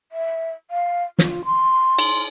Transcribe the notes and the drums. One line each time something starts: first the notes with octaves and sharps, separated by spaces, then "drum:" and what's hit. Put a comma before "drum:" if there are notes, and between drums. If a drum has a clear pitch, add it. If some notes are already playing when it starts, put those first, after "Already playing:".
E5
F5
F4, drum: snare
C6
drum: cymbal